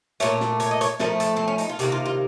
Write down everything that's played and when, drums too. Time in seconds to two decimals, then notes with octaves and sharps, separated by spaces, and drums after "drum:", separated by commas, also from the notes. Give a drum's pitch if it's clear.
0.20 A#2 A3 C#5, drum: hi-hat
0.40 drum: snare
0.60 C#5, drum: hi-hat
0.71 D#5
0.81 C#5, drum: hi-hat
0.99 A2 F3 A3 A#4, drum: snare
1.20 A4, drum: hi-hat
1.37 C4
1.48 C#4
1.58 D#4, drum: hi-hat
1.69 F4
1.79 C3 D#3 A#3 F#4, drum: hi-hat
1.92 F4
2.06 F4